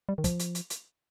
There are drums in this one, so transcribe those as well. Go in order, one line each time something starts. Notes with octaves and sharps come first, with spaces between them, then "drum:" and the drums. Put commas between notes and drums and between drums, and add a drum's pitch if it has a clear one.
G3
D#3
F3, drum: kick, hi-hat
drum: hi-hat
drum: hi-hat
drum: hi-hat